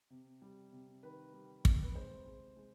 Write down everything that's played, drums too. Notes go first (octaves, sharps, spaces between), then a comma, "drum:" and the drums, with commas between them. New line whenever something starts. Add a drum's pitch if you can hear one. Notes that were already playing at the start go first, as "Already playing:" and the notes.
C3
G3
C3
D#3 B4
G3
C3, drum: kick
B4
G#3 C5
G#3
G#3